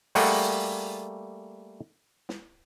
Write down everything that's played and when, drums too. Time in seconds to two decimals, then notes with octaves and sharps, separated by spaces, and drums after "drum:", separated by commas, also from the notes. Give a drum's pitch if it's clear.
0.15 G3 A3 A#3 G#4 F#5, drum: open hi-hat
2.29 drum: snare